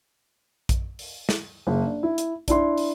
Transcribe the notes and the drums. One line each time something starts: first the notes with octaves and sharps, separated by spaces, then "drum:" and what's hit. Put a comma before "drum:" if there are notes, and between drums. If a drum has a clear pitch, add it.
drum: kick A#1, hi-hat
drum: open hi-hat
drum: snare
F#1
D4
E4
drum: hi-hat
D4 E4 C6, drum: kick A#1, hi-hat
drum: open hi-hat